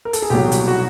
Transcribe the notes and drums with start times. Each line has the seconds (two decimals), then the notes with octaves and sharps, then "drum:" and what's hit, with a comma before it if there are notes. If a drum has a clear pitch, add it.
0.05 A#4
0.13 A4, drum: hi-hat
0.22 G#4
0.30 C2 B2 F#3 G4
0.52 drum: hi-hat
0.68 F#4